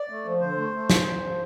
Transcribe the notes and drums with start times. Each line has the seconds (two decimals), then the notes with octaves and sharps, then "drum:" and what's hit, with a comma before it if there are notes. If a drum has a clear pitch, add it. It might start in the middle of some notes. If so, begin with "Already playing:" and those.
Already playing: D5
0.09 A3
0.25 F3
0.41 D3 C5
0.57 A3
0.74 A3
0.90 E2, drum: snare
1.06 E2
1.22 F3